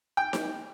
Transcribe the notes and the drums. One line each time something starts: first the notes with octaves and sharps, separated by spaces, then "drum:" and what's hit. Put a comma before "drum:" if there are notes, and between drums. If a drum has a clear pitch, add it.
G5
drum: snare D#4